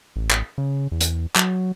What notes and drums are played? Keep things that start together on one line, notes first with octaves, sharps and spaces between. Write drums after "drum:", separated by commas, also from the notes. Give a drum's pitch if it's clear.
A1
drum: clap
C#3
E2
drum: hi-hat
F#3, drum: clap